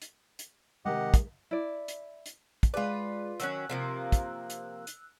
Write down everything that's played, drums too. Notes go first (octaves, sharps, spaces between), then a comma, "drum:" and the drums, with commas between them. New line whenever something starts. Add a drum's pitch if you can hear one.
drum: hi-hat
drum: hi-hat
C3 D#3 G#3 G4 D#5 F#5
drum: kick, hi-hat
E4 D5
drum: hi-hat
drum: hi-hat
drum: kick, hi-hat
G#3 F4 G#4 B4 D5
D#3 F#3 C#4 E6 F#6, drum: hi-hat
C3 F3 A#3
drum: kick, hi-hat
drum: hi-hat
drum: hi-hat